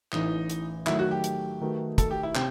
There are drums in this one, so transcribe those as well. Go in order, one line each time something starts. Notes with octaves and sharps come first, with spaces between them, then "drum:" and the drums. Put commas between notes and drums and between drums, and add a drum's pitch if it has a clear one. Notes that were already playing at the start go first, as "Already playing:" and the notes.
A1 A2 E3 D#4, drum: clap
drum: hi-hat
D#3 F#3 A3 E4, drum: clap
F#4
G4
drum: hi-hat
D#3 A3 D#4 F#4 B4
A4, drum: kick, hi-hat
G4
E4
C3 C4, drum: clap